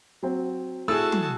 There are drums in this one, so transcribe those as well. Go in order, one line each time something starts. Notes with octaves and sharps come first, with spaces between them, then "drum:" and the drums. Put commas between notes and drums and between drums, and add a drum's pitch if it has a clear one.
F#3 C4
A3 E4 F#4 G#4 A5 E6
drum: tom